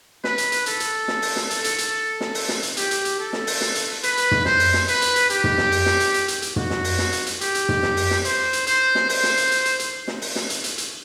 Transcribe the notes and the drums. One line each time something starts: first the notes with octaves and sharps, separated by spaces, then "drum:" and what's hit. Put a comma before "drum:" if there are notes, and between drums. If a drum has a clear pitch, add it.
B4, drum: snare
drum: hi-hat
drum: hi-hat
A4, drum: hi-hat
drum: hi-hat
drum: snare
drum: open hi-hat
drum: snare
A4, drum: hi-hat
drum: hi-hat
drum: hi-hat
drum: snare
drum: open hi-hat
drum: snare
drum: hi-hat
G4, drum: hi-hat
drum: hi-hat
drum: hi-hat
A4
drum: snare
drum: open hi-hat
drum: snare
drum: hi-hat
B4, drum: hi-hat
drum: hi-hat
drum: tom
C5, drum: snare
drum: open hi-hat
drum: snare
B4, drum: hi-hat
drum: hi-hat
drum: hi-hat
G4, drum: hi-hat
drum: tom
drum: snare
drum: open hi-hat
drum: snare
drum: hi-hat
drum: hi-hat
drum: hi-hat
drum: hi-hat
F#4, drum: tom
drum: snare
drum: open hi-hat
drum: snare
drum: hi-hat
drum: hi-hat
G4, drum: hi-hat
drum: hi-hat
drum: tom
drum: snare
drum: open hi-hat
drum: snare
C5, drum: hi-hat
drum: hi-hat
C5, drum: hi-hat
drum: snare
C5, drum: open hi-hat
drum: snare
drum: hi-hat
drum: hi-hat
drum: hi-hat
drum: hi-hat
drum: snare
drum: open hi-hat
drum: snare
drum: hi-hat
drum: hi-hat
drum: hi-hat